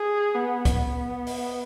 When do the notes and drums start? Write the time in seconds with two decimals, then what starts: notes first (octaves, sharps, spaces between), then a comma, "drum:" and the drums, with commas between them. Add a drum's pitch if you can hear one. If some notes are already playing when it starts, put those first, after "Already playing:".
Already playing: G#4
0.35 B3
0.65 B3, drum: kick C#2, hi-hat
1.27 drum: open hi-hat